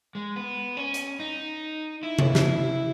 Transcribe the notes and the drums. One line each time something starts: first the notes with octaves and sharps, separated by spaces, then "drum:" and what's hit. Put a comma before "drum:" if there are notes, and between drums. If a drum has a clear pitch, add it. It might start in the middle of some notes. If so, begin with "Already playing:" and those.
G#3
B3
C#4
drum: hi-hat
D#4
E4
drum: tom C3
drum: snare